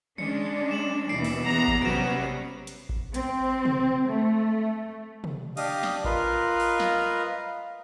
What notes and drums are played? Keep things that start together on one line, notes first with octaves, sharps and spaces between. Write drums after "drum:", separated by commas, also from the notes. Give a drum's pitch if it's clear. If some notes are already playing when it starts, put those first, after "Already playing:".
G#3 C#4 D4 C#7, drum: tom
D6 E7 F#7
D#2 B2 E3 C7 D7
drum: open hi-hat
E2 B3 A#5
drum: kick A1
C3 F#3 G3 B3 C#4 B4 D7 E7
drum: hi-hat
drum: kick A1
C4, drum: hi-hat
drum: tom
A3
drum: tom
D4 G4 D#5 F5 D#6, drum: cymbal
drum: snare
F4 A#4 B4 D#5 F5, drum: kick A1
drum: open hi-hat
drum: snare